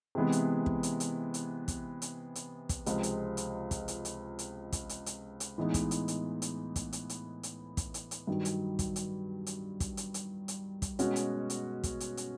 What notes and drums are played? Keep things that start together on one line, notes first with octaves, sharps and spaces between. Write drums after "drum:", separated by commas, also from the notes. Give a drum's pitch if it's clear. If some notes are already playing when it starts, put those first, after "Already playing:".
C3 E3 G#3 B3
drum: hi-hat
drum: kick
drum: hi-hat
drum: hi-hat
drum: hi-hat
drum: kick, hi-hat
drum: hi-hat
drum: hi-hat
drum: kick, hi-hat
C#2 C3 F3 G#3 C4, drum: hi-hat
drum: hi-hat
drum: hi-hat
drum: kick, hi-hat
drum: hi-hat
drum: hi-hat
drum: hi-hat
drum: kick, hi-hat
drum: hi-hat
drum: hi-hat
drum: hi-hat
A2 E3 G#3 B3 D#4
drum: kick, hi-hat
drum: hi-hat
drum: hi-hat
drum: hi-hat
drum: kick, hi-hat
drum: hi-hat
drum: hi-hat
drum: hi-hat
drum: kick, hi-hat
drum: hi-hat
drum: hi-hat
G2 D#3 F#3
drum: hi-hat
drum: kick, hi-hat
drum: hi-hat
drum: hi-hat
drum: kick, hi-hat
drum: hi-hat
drum: hi-hat
drum: hi-hat
drum: kick, hi-hat
B2 G#3 C#4 F#4, drum: hi-hat
drum: hi-hat
drum: hi-hat
drum: kick, hi-hat
drum: hi-hat
drum: hi-hat